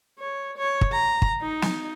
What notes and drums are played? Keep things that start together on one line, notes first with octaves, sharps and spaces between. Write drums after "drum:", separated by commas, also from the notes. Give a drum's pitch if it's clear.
C#5
C#5
drum: kick
A#5
drum: kick
D#4
drum: snare